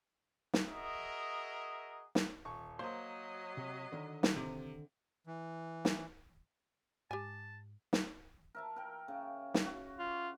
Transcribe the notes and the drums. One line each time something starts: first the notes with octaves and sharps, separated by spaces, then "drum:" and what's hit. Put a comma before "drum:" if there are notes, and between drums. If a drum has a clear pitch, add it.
drum: snare
F#4 G#4 A#4 D#5 E5
drum: snare
D#1 C#6
F#3 A#3 C5 D#5 C6
C3
D3 D#3
drum: snare
C3
E3
drum: snare
G#2 G4 G#5 A5
drum: snare
A#4 E5 A5
A#4 G5
C#3
drum: snare
F#4
F4